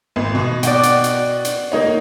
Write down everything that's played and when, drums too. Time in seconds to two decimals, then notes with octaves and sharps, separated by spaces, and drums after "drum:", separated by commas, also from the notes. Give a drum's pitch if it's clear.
0.16 G#1
0.35 B2
0.63 D5 F#5 G5, drum: hi-hat
0.83 drum: hi-hat
1.04 drum: hi-hat
1.45 drum: hi-hat
1.72 A#3 D#4 C#5